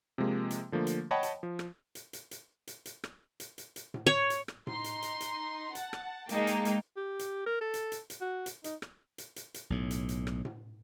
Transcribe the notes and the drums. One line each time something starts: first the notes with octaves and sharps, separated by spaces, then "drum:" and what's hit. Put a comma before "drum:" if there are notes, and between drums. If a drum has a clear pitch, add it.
C3 F3 G#3 A#3
drum: hi-hat
D3 F3 A3 A#3
drum: hi-hat
C#5 D#5 F#5 G5 A5 B5
drum: hi-hat
F3
drum: rim click
drum: hi-hat
drum: hi-hat
drum: hi-hat
drum: hi-hat
drum: hi-hat
drum: rim click
drum: hi-hat
drum: hi-hat
drum: hi-hat
drum: tom A2
C#5
drum: hi-hat
drum: rim click
D#4 C6, drum: tom A2
drum: hi-hat
drum: hi-hat
drum: hi-hat
F#5 A5, drum: hi-hat
drum: rim click
G#3 A#3 D#4 G5 A5, drum: hi-hat
drum: hi-hat
drum: hi-hat
G4
drum: hi-hat
A#4
A4
drum: hi-hat
drum: hi-hat
drum: hi-hat
F#4
drum: hi-hat
D#4, drum: hi-hat
drum: rim click
drum: hi-hat
drum: hi-hat
drum: hi-hat
B1 A2
drum: hi-hat
drum: hi-hat
drum: rim click
drum: tom A2